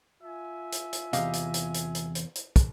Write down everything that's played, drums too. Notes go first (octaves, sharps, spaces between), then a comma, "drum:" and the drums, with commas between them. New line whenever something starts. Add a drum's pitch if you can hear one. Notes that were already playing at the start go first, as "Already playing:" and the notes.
F4 E5 G#5
drum: hi-hat
drum: hi-hat
E2 G#2 C3 G4 D#5 F5, drum: hi-hat
drum: hi-hat
drum: hi-hat
drum: hi-hat
drum: hi-hat
drum: hi-hat
drum: hi-hat
drum: kick, hi-hat